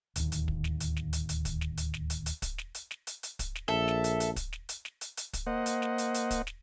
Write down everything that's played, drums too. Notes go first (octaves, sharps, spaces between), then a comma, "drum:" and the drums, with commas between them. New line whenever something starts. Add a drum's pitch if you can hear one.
D1 D#2, drum: hi-hat
drum: hi-hat
drum: kick
drum: snare
drum: hi-hat
drum: snare
drum: hi-hat
drum: hi-hat
drum: kick, hi-hat
drum: snare
drum: hi-hat
drum: snare
drum: hi-hat
drum: hi-hat
drum: kick, hi-hat
drum: snare
drum: hi-hat
drum: snare
drum: hi-hat
drum: hi-hat
drum: kick, hi-hat
drum: snare
A#1 A4 E5
drum: snare
drum: hi-hat
drum: hi-hat
drum: kick, hi-hat
drum: snare
drum: hi-hat
drum: snare
drum: hi-hat
drum: hi-hat
drum: kick, hi-hat
A#3 C5 D#5 F#5
drum: hi-hat
drum: snare
drum: hi-hat
drum: hi-hat
drum: kick, hi-hat
drum: snare